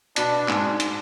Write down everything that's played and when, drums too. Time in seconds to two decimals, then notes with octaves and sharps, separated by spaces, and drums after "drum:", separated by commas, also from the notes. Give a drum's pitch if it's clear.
0.16 B2 D4, drum: hi-hat
0.48 G#2 D4, drum: clap
0.80 drum: hi-hat